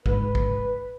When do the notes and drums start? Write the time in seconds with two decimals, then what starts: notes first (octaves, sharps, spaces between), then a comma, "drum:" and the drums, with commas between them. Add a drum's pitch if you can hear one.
0.06 G#2 B4, drum: kick
0.35 drum: kick